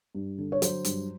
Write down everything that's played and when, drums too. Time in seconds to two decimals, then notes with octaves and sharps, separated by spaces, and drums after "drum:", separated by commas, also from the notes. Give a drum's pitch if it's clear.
0.15 G2
0.38 D3
0.52 C#5
0.62 F#3 C5, drum: hi-hat
0.85 G2, drum: hi-hat